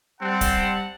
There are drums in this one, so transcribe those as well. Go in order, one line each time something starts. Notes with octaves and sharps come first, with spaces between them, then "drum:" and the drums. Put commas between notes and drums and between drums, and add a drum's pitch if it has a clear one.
G3 C4 F#5 A5
drum: kick C#1, hi-hat